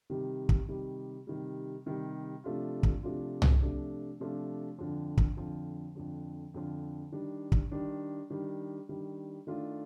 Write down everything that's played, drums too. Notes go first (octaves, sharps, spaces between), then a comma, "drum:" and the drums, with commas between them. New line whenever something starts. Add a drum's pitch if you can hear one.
C3 D#3 G3
drum: kick
C3 D#3 G3
C3 D#3 G3
C3 D#3 G3
C3 F3 A3 D4 F4
drum: kick
C3 F3 A3 D4 F4
drum: tom C2
C3 F3 A3 D4 F4
C3 F3 A3 D4 F4
F2 D3 F3
drum: kick
F2 D3 F3
F2 D3 F3
F2 D3 F3
D#3 G3 D4
drum: kick
D#3 G3 D4
D#3 G3 D4
D#3 G3 D4
D#3 A3 D4 F4